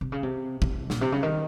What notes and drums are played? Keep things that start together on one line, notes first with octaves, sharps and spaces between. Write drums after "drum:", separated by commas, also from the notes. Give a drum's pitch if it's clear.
C3
C#3
C3
C3, drum: kick G#1
A#2, drum: snare
C3
C#3
D#3